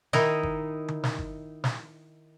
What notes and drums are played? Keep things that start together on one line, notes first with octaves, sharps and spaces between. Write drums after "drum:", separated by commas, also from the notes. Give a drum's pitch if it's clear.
D#3 D#4 E4, drum: snare
drum: kick G1
drum: tom D3
drum: snare
drum: kick G1
drum: snare